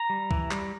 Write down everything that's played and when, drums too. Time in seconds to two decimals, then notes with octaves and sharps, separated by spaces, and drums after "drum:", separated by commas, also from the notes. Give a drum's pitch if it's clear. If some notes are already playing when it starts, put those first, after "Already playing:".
Already playing: A#5
0.10 G3
0.31 E3, drum: kick C2
0.51 G3, drum: clap